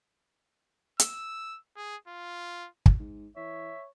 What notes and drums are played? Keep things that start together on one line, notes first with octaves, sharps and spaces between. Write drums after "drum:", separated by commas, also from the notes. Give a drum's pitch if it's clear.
E6, drum: hi-hat
G#4
F4
drum: kick
G#2
E3 C#5 E5